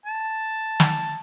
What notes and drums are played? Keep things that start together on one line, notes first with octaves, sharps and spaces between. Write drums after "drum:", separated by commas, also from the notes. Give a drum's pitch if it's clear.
A5
drum: snare